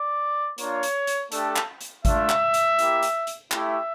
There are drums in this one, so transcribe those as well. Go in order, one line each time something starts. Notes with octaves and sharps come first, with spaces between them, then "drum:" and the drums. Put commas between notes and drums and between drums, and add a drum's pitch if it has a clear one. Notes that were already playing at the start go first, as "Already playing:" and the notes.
Already playing: D5
A#3 D4 F4 C#5, drum: hi-hat
drum: hi-hat
drum: hi-hat
A3 D4 G4 A4, drum: hi-hat
drum: clap
drum: hi-hat
A3 D4 F4 E5, drum: kick G#1, hi-hat
drum: clap
drum: hi-hat
A#3 E4 G4, drum: hi-hat
drum: hi-hat
drum: hi-hat
A3 E4 G4 E5, drum: clap